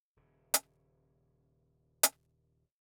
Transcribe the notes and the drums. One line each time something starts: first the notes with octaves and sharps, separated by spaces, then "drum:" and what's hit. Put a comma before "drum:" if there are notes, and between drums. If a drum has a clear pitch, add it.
D#1 C#3
drum: hi-hat
drum: hi-hat